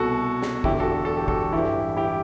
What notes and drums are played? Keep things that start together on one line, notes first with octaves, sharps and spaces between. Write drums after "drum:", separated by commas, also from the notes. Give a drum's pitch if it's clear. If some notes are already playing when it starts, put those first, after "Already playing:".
Already playing: C2 B2 F#4 A4
drum: snare
E1 E2 D3 E4 G4, drum: kick
F#4 A4
A4
G4
F#4 A4, drum: kick
A1 G2 E3 E4 G4
E4 G4